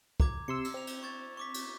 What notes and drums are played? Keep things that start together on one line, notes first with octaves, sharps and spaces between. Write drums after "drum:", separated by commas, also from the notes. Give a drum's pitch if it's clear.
A#5 D6 G#6, drum: kick
C3 C6 E6 C#7
drum: cymbal
C4 E6 F7
drum: cymbal
C#6 G#6 A6
C#6 D6 B6
drum: cymbal